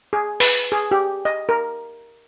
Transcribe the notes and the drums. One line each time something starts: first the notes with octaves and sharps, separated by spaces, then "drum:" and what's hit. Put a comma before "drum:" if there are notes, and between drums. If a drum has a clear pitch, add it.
G#4
B4, drum: open hi-hat
G#4
G4
D#5
A#4